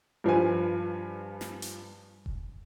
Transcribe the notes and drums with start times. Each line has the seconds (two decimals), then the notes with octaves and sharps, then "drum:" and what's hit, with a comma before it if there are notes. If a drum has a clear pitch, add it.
0.24 G2 F3 B4 G#5
1.41 drum: snare
1.62 drum: hi-hat
2.26 drum: kick E1